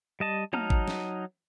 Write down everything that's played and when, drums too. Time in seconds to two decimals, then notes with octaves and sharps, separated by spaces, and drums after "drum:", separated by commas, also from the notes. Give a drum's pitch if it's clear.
0.20 G3 D#5 A5
0.53 F#3 D#4 A5 A#5 F6, drum: tom
0.70 drum: kick G#1
0.88 drum: snare